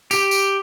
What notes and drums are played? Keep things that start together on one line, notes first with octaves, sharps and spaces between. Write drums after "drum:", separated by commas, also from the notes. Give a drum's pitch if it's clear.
G4, drum: tambourine
drum: tambourine